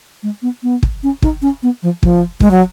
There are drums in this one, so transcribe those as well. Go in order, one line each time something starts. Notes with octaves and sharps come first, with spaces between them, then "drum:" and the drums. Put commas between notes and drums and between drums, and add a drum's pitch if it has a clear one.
G#3
B3
B3
drum: kick
C#4
D#4, drum: kick
C#4
B3
F3
F3, drum: kick
G#3, drum: kick
F#3